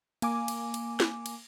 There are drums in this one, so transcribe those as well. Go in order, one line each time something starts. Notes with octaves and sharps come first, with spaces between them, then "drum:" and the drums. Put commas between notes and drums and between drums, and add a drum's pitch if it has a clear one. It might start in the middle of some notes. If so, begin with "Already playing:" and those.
A#3 G#5 D6, drum: cymbal
drum: cymbal
drum: cymbal
drum: snare
drum: cymbal